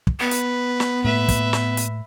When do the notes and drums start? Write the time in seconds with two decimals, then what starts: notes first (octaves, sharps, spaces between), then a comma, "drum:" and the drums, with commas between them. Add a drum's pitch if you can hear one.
0.07 drum: kick
0.20 B3 B4
0.31 drum: hi-hat
0.80 drum: snare
1.04 A2 A3 A#3 B4 E5
1.29 drum: kick, hi-hat
1.53 drum: snare
1.77 drum: hi-hat